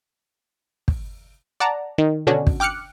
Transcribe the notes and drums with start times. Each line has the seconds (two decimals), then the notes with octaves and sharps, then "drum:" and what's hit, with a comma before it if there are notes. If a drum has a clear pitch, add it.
0.88 drum: kick
1.60 D5 F#5 A5 A#5
1.98 D#3
2.27 B2 D3 C#4 D4 F#4
2.47 drum: kick
2.60 G5 D6 F6 F#6 C#7